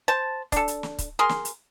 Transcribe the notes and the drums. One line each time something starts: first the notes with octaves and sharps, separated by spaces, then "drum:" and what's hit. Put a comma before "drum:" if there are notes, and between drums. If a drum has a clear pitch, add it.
C5 A5
D4 A4, drum: kick C#1, hi-hat
drum: hi-hat
drum: snare
drum: kick C#1, hi-hat
G#4 A#4 C6
drum: snare
drum: hi-hat